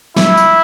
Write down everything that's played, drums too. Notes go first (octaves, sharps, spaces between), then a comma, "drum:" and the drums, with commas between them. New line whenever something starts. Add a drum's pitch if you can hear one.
E4, drum: snare
drum: tambourine